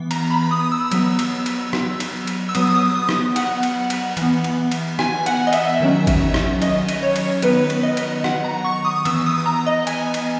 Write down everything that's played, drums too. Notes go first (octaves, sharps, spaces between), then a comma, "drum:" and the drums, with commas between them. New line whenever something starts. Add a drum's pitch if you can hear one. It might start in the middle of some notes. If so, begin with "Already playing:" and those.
Already playing: E3 B3
A#5, drum: cymbal
B5
D#6
E6
F#3 B3, drum: cymbal
drum: cymbal
drum: cymbal
drum: rim click
drum: cymbal
drum: cymbal
E6
F#3 B3 D#6, drum: cymbal
D#6
D#6
drum: rim click
F#5, drum: cymbal
drum: cymbal
drum: cymbal
E3 B3, drum: cymbal
drum: cymbal
drum: cymbal
G#5, drum: rim click
F#5, drum: cymbal
D#5
E5, drum: cymbal
D#3 F#3 C#4
drum: kick G#1, cymbal
drum: rim click
D#5, drum: cymbal
drum: cymbal
C#5
drum: cymbal
D#3 F#3 B3 B4, drum: cymbal
drum: cymbal
D#5
drum: cymbal
F#5, drum: rim click
A#5
C#6
D#6
E3 B3 E6, drum: cymbal
D#6
A#5
D#5
G#5, drum: cymbal
drum: cymbal